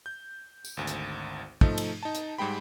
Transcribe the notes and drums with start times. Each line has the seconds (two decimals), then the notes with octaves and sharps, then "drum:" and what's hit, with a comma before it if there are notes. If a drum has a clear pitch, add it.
0.06 G6
0.64 drum: tambourine
0.77 G#1 D2
0.87 drum: hi-hat
1.61 F3 A3 D#4, drum: kick
1.78 drum: cymbal
2.03 D#4 A5
2.15 drum: hi-hat
2.38 G#2 G3 G#3 G5 B5